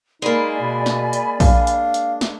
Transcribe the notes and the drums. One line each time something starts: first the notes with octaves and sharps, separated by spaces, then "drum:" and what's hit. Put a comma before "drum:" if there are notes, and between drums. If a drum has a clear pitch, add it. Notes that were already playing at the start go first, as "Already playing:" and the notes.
G#3 A#3 D#4 D5 G#5 B5
B2
drum: snare
drum: hi-hat
D4 F5, drum: kick A#1, open hi-hat
drum: hi-hat
drum: hi-hat
drum: snare